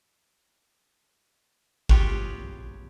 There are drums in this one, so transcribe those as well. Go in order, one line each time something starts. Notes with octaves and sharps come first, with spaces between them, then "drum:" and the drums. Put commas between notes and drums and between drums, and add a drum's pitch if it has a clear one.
F4 G4 G#4 B4 C#5, drum: kick G#1